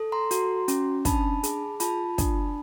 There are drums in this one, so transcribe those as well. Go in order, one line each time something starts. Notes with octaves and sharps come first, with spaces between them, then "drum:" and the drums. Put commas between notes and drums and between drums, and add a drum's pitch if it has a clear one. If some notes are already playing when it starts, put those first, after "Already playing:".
Already playing: A4
A#5 C6
F#4, drum: hi-hat
C#4, drum: hi-hat
D4 A5 B5, drum: kick, hi-hat
G#4, drum: hi-hat
F4 A5 B5, drum: hi-hat
D4, drum: kick, hi-hat